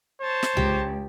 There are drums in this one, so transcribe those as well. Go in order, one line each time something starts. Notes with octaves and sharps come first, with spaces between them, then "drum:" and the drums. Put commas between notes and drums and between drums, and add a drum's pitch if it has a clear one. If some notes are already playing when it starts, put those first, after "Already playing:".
C5 C#5 A5
drum: snare
C#2 G4, drum: tom C2